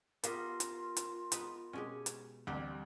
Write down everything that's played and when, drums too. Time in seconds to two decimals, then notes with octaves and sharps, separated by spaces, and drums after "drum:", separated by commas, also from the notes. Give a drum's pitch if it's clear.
0.24 B3 F4 G4 A#4 B4 F5 A#6, drum: hi-hat
0.60 drum: hi-hat
0.97 drum: hi-hat
1.32 B3 D#4 B4, drum: hi-hat
1.73 B2 G#3 C#4 G4
2.06 drum: hi-hat
2.47 A1 D2 G3 C4 G4